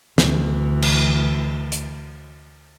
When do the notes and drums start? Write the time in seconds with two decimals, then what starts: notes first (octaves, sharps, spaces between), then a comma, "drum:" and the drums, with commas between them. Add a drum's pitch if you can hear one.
0.18 D2 E3, drum: snare
0.82 drum: cymbal
1.72 drum: hi-hat